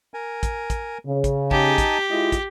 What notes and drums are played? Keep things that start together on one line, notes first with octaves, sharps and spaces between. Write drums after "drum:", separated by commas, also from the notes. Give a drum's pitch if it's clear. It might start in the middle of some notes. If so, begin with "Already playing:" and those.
A#4 G#5
drum: kick, hi-hat
drum: kick, hi-hat
C#3
drum: kick, hi-hat
D#4 G4 G#5 A5, drum: kick
drum: kick, hi-hat
G#3 E4 F4 D#5
drum: kick, hi-hat